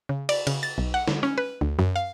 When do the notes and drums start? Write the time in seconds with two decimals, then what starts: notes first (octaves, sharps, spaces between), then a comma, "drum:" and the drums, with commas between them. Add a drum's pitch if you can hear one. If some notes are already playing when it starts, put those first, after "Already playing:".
0.09 C#3
0.29 D5, drum: cymbal
0.47 C#3, drum: cymbal
0.63 A6
0.78 B1
0.94 F#5
1.08 D3, drum: snare
1.23 C#4
1.38 B4
1.61 D2
1.79 F#2
1.96 F5